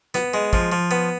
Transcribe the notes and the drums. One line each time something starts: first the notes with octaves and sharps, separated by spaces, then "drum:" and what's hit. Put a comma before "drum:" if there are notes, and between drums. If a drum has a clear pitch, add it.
B3, drum: snare
G#3
F3, drum: kick
F3
B3